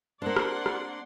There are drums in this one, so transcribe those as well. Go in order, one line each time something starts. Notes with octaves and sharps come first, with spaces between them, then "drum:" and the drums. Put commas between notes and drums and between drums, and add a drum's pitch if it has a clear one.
A#3 C4 D4 D5 F#5 C6
drum: rim click
drum: rim click